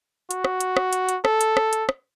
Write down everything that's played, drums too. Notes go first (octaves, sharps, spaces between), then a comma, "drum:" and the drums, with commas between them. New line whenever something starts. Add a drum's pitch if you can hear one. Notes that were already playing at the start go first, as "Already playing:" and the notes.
F#4, drum: hi-hat
drum: rim click
drum: hi-hat
drum: rim click
drum: hi-hat
drum: hi-hat
A4, drum: rim click
drum: hi-hat
drum: rim click
drum: hi-hat
drum: rim click